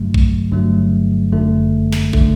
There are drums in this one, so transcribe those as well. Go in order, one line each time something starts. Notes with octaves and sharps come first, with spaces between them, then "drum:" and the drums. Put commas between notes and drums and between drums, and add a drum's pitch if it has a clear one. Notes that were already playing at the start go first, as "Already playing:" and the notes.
Already playing: G1 G2 D3 F#3 A3
drum: kick
G1 G2 D3 F#3 A3
G1 F#2 D3 A3
drum: snare
D3 A3, drum: kick